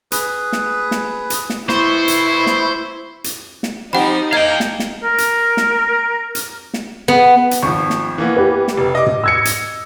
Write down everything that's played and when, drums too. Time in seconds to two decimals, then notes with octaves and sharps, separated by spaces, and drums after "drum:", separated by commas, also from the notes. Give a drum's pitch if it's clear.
0.12 G#4 B4, drum: hi-hat
0.53 drum: snare
0.91 drum: snare
1.30 drum: hi-hat
1.50 drum: snare
1.69 E3 E4 C5 B5 C#6, drum: snare
2.08 drum: hi-hat
2.47 drum: snare
3.24 drum: hi-hat
3.63 drum: snare
3.93 F3 C4 D#4 G4 F#5 B5
4.33 A#3 D#5 F5 G5 G#6
4.60 drum: snare
4.80 drum: snare
5.04 A#4
5.18 drum: hi-hat
5.57 drum: snare
6.35 drum: hi-hat
6.74 drum: snare
7.08 B3
7.51 drum: hi-hat
7.63 G#1 F3 C#6
7.90 drum: snare
8.18 E3 A#3 B3
8.37 G4 B4
8.68 drum: snare
8.78 F1
8.95 D#5 D6
9.07 drum: tom
9.24 E6 G#6 C#7
9.45 drum: hi-hat